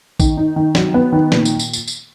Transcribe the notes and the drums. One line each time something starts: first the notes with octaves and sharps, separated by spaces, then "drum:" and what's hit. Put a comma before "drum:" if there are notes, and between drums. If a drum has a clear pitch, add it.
D#3, drum: kick, tambourine
D#4
D#3
F#3, drum: snare
B3
D#3
A#2, drum: snare
drum: tambourine
drum: tambourine
drum: tambourine
drum: tambourine